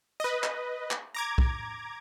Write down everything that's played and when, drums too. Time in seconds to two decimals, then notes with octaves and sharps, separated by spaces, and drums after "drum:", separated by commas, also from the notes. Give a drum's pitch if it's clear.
0.20 B4 D#5
0.44 drum: clap
0.91 drum: clap
1.15 A#5 D6 G#6
1.38 drum: kick B1